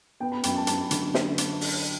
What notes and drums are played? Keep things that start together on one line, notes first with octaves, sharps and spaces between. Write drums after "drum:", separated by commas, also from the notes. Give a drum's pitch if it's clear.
B3 G5
B5
F#2 G5, drum: hi-hat
A5
F#2 A5, drum: hi-hat
D3, drum: hi-hat
drum: snare
drum: hi-hat
drum: open hi-hat